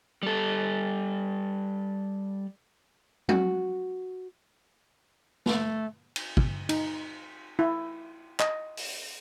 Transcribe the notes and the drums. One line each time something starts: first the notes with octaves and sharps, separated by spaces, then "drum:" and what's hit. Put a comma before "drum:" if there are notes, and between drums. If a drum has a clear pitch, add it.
G3 A4
F#4, drum: tom F#3
A3, drum: snare
drum: cymbal
drum: kick
D#4, drum: cymbal
E4
D#5, drum: clap
drum: open hi-hat